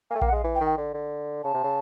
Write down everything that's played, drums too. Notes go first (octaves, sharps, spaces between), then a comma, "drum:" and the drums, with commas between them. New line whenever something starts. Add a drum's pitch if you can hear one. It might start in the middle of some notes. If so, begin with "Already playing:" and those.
A#3 G#5
A3
G5
A#3, drum: kick A#1
F#5
G#3 F5
E3
G5
D#3
G5
D3
D3
C#3 A5
C3
C#3